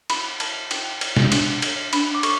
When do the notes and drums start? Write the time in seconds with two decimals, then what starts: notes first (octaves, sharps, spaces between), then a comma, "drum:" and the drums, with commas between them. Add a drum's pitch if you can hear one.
0.10 E4 B5, drum: cymbal
0.40 B4 A5, drum: cymbal
0.71 E4 G5, drum: cymbal
1.01 B4, drum: cymbal
1.16 drum: snare
1.32 D4, drum: cymbal
1.62 A4 C#5, drum: cymbal
1.93 D4 B5, drum: cymbal
2.15 D6
2.23 A4 C#6, drum: cymbal